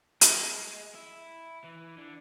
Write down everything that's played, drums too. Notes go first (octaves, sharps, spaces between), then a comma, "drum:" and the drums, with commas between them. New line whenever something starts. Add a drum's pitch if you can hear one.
G#3, drum: hi-hat
E4
E3
D3